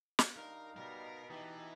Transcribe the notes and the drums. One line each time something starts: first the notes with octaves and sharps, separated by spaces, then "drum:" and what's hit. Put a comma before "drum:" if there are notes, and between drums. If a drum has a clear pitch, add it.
drum: snare
G2 D#4 A#4 F5
B2 G3 A#4
E3 D#4 G4 A5